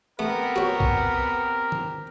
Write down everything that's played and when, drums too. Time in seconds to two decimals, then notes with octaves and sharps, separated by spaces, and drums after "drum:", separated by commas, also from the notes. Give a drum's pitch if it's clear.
0.19 A3 B3 C4 G4 A#4
0.56 F#4 C#5
0.80 drum: kick
1.72 drum: tom D#3